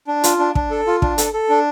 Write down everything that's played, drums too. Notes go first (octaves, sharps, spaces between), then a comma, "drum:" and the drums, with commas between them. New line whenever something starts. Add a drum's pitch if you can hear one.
D4
F4, drum: hi-hat
D4
D4, drum: kick
A4
F4
D4, drum: kick
A4, drum: hi-hat
A4
D4